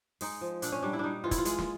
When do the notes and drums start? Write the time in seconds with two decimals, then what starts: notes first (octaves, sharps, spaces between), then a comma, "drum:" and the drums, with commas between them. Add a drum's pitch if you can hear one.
0.21 G#3 D#4, drum: open hi-hat
0.41 F3
0.62 A#2 D4, drum: hi-hat
0.72 C#4
0.82 G3 D4
0.93 E4
0.99 G3 D4 D#4
1.24 E3 F4
1.31 E4, drum: kick, hi-hat
1.38 F4
1.45 G#3, drum: hi-hat
1.59 drum: snare